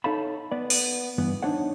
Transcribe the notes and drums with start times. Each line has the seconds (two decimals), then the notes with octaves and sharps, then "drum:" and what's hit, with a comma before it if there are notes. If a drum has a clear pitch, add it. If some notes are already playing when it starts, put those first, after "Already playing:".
0.04 D#4 A4 C#5 F5 A5 B5
0.52 B3 D5
0.70 drum: open hi-hat
1.18 G2 E3 B3
1.43 D4 D#4 C5 C#5 F#5